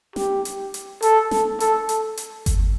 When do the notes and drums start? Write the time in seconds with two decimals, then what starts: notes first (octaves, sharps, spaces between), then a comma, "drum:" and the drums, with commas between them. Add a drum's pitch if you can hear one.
0.16 G4, drum: snare
0.45 drum: hi-hat
0.74 drum: hi-hat
1.02 A4, drum: hi-hat
1.31 drum: snare
1.60 A4, drum: hi-hat
1.89 drum: hi-hat
2.17 drum: hi-hat
2.46 drum: kick G1, hi-hat